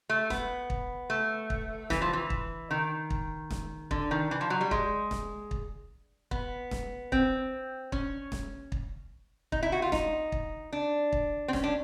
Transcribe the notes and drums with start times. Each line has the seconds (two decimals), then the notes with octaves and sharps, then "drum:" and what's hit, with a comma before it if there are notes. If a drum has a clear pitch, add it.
0.09 A3
0.30 B3, drum: snare
0.70 drum: kick
1.10 A3
1.50 drum: kick
1.90 E3, drum: snare
2.02 F3
2.13 E3
2.30 drum: kick
2.71 D#3
3.10 drum: kick
3.51 drum: snare
3.91 D3, drum: kick
4.11 D#3
4.31 E3
4.41 F3
4.50 F#3
4.61 G3
4.71 G#3, drum: kick
5.11 drum: snare
5.51 drum: kick
6.31 B3, drum: kick
6.71 drum: snare
7.12 C4, drum: kick
7.92 C#4, drum: kick
8.32 drum: snare
8.72 drum: kick
9.52 D#4, drum: kick
9.63 E4
9.72 F#4
9.82 F4
9.92 D#4, drum: snare
10.32 drum: kick
10.73 D4
11.13 drum: kick
11.48 C4
11.53 C#4, drum: snare
11.63 D4